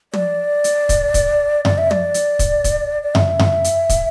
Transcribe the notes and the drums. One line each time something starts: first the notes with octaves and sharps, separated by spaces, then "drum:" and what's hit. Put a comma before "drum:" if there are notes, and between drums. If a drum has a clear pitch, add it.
D5, drum: tom
drum: hi-hat
drum: kick, hi-hat
drum: kick, hi-hat
D5, drum: tom F#2
E5
D5, drum: tom
drum: hi-hat
drum: kick, hi-hat
drum: kick, hi-hat
D5
E5, drum: tom F#2
drum: tom F#2
drum: hi-hat
drum: kick, hi-hat